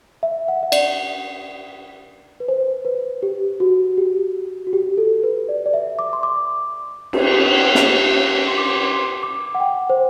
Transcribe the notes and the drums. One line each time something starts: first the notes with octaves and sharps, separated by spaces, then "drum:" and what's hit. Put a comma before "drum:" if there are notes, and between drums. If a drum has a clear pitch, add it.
E5
F#5
E5
D5, drum: cymbal
B4
C5
B4
G4
F#4
G4
F#4
G4
A4
B4
D5
D5
E5
D6
C6
D6
drum: cymbal
drum: snare
C6
D6
C6
C6
D6
F#5
G5
C5